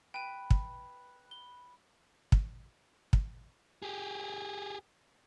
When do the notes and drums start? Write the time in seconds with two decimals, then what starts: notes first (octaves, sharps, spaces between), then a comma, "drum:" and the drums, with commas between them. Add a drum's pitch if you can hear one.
0.14 B4 G5 D#7
0.51 drum: kick
1.31 G7
2.32 drum: kick
3.13 drum: kick
3.82 G4 G#4